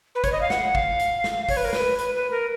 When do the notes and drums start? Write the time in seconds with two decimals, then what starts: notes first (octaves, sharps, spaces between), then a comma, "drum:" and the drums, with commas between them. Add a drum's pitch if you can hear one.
0.15 B4
0.24 C#5, drum: kick G#1, hi-hat
0.32 D#5
0.41 F5
0.50 F#5, drum: snare
0.75 F5, drum: kick G#1
0.99 drum: hi-hat
1.24 drum: snare
1.49 C#5, drum: kick G#1, open hi-hat
1.57 B4
1.65 A#4
1.73 B4, drum: snare
1.98 B4, drum: hi-hat
2.15 B4
2.31 A#4